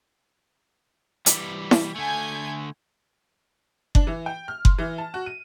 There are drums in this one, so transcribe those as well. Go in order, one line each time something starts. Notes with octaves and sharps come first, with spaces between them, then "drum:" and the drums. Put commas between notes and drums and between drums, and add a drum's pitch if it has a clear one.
E3 G3, drum: hi-hat
drum: snare E4
D3 A3 G#5 G6 G#6
D4, drum: kick F#1
E3
G5
F6
C6, drum: kick F#1
E3
A5
F#4
D#7